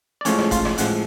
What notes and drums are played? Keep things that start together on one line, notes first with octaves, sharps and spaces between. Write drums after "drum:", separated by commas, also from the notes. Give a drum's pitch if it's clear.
D5
A1 A2 F3 G#3 C#4 C#5, drum: hi-hat
drum: rim click
F4 F5, drum: kick F#1, hi-hat
drum: rim click
A1 A2 F3 G#3 F#5, drum: hi-hat